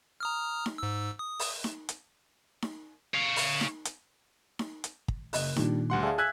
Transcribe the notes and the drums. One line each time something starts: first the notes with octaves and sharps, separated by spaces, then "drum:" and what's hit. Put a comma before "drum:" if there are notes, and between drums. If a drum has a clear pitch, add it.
A#5 D#6 F6
drum: snare D#4
G#2 E6
D#6
drum: open hi-hat
drum: snare D#4
drum: hi-hat
drum: snare D#4
C#5 F5
drum: open hi-hat
drum: snare D#4
drum: hi-hat
drum: snare D#4
drum: hi-hat
drum: kick
F#1 D#5 F#6, drum: open hi-hat
A#2 D#3 G3 D4, drum: snare D#4
D2 G3 F#5 C6
G#4 D5 E5 F5 A5
G#5 E6 F#6 G#6 B6